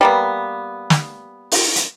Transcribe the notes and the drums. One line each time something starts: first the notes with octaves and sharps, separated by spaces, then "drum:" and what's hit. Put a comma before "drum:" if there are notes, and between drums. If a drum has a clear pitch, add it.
G3 A#3 B3
drum: snare
drum: open hi-hat
drum: hi-hat